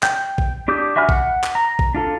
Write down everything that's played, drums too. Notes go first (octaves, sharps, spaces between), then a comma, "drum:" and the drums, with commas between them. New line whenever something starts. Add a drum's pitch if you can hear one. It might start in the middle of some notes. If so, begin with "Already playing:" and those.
G5, drum: clap
drum: kick A#1
D4 G4 D6 D#6 G6
F#4 E5 G#5 B5 F6
F#5, drum: kick A#1
drum: clap
A#5
drum: kick A#1
D4 F4 A4